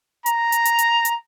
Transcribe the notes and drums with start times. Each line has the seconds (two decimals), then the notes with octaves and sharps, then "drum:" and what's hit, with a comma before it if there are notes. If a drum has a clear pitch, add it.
0.26 A#5, drum: hi-hat
0.52 drum: hi-hat
0.65 drum: hi-hat
0.79 drum: hi-hat
1.05 drum: hi-hat